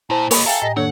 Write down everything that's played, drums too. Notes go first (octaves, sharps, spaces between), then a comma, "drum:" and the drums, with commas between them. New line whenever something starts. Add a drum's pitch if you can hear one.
A#2 E4 C5 A5
A#3 C#5 D#5 B5, drum: open hi-hat
A4 E5 F5 G5 G#5 A#5
A2 D#5
F2 D#3 A#3 D4 A4 C#5 F#5